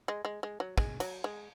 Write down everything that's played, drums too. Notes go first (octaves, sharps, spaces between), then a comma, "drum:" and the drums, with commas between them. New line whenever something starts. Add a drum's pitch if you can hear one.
G#3
G#3
G#3
F#3
G#3, drum: kick
F#3, drum: cymbal
G#3